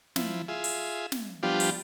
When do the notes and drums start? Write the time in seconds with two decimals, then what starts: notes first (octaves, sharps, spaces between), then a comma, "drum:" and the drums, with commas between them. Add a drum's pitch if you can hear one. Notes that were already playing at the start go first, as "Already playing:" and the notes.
0.16 F3 E4, drum: snare
0.48 F4 G#4 E5
0.64 drum: open hi-hat
1.12 drum: snare
1.43 F3 G3 B3 D4 F4 G4
1.60 drum: open hi-hat